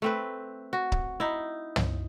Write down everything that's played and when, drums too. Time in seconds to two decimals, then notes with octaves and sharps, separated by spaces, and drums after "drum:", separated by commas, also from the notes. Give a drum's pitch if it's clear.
0.02 A3 C4 B4
0.73 F#4
0.92 drum: kick C#1
1.20 D#4 E4
1.76 drum: tom